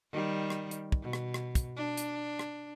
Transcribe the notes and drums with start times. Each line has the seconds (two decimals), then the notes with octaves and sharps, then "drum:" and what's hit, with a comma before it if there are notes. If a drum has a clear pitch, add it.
0.11 D#3 G3
0.50 drum: rim click
0.71 drum: hi-hat
0.92 drum: kick
1.02 B2
1.13 drum: rim click
1.34 drum: rim click
1.55 drum: kick, hi-hat
1.76 D4
1.97 drum: hi-hat
2.39 drum: rim click